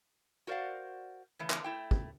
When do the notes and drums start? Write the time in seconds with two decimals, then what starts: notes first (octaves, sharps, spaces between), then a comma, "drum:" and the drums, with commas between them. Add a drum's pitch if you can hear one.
0.47 F#4 A#4 C5 D5 F5 F#5
1.39 C#3 E3 A3
1.50 drum: clap
1.64 A3 E4 G5
1.91 drum: kick